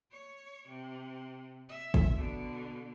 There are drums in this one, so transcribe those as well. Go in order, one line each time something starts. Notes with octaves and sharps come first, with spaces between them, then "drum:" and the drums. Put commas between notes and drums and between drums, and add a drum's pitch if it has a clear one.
C#5
C3
E5
drum: kick
B2 D3